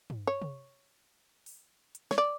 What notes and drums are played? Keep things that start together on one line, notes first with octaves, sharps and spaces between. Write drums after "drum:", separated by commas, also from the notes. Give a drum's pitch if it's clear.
drum: tom
C#5
drum: tom C3
drum: open hi-hat
drum: hi-hat
C#5, drum: snare
D5